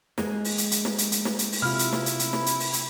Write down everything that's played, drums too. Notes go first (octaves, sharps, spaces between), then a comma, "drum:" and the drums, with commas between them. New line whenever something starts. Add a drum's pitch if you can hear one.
G#3 A#3, drum: snare
drum: open hi-hat
drum: hi-hat
drum: hi-hat
drum: snare
drum: hi-hat
drum: hi-hat
drum: snare
drum: hi-hat
drum: open hi-hat
C3 E4 F4 F6
drum: hi-hat
drum: snare
drum: hi-hat
drum: hi-hat
drum: snare
drum: hi-hat
drum: open hi-hat
drum: hi-hat